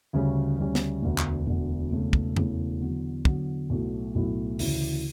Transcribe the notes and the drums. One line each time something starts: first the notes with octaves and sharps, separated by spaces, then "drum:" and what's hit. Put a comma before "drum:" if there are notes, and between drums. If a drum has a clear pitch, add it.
D2 C#3 G3 C#4
D2 C#3 G3 C#4
drum: snare
E1 D2 D3
drum: clap
E1 D2 D3
E1 E2 C#3 E3 A3
drum: kick
E1 E2 C#3 E3 A3, drum: tom F2
E2 D3 F#3
E2 D3 F#3, drum: kick
B1 A2 F#3 A3
B1 A2 F#3 A3
D2 C#3 E3, drum: open hi-hat